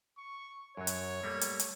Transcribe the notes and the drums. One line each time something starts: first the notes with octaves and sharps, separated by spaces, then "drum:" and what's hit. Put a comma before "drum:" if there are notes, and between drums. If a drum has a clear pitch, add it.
C#6
F#2 F#3 C#5
drum: hi-hat
G3 A3 A#3
drum: hi-hat
drum: hi-hat